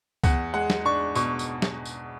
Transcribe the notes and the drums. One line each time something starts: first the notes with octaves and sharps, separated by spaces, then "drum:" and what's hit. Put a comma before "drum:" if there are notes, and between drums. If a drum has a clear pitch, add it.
E2 F#5, drum: kick C#2, tambourine
G#3 F#5
drum: snare
D4 C#6
B2 C#6, drum: tambourine
drum: tambourine
drum: snare
drum: tambourine